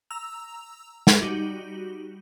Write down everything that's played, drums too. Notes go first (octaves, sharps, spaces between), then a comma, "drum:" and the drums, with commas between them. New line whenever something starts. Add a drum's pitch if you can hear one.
A#5 E6 F7
drum: snare
G3 D#4 F#4 G4